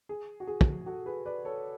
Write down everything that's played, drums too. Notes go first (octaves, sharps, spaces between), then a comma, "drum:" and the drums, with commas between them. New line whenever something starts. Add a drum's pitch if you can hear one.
G#4
F#4
G#4
drum: kick
F#4 A4
G#4 B4
B4 D5
A4 C#5